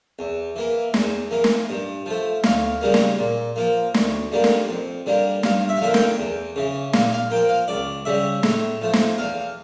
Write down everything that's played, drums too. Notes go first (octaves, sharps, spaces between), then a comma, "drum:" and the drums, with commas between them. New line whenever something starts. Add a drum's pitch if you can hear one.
E2
E3 A#3
E2, drum: snare
E3 A#3
drum: snare
G2
F3 A3
D2 F5, drum: snare
C#3 G3 A#3
drum: snare
A#2
F3 A#3
D2, drum: snare
D3 G3 A#3
drum: snare
F2
D3 G3 A#3
G2 F5, drum: snare
E5
F5
D3 F3 A#3 E5
G5, drum: snare
E2
C#3 E3
A#2 F5, drum: snare
F5
F3 A#3 G5
F5
C#2 D5
C#3 G3 E5
A2, drum: snare
F3 A3
drum: snare
E2 F5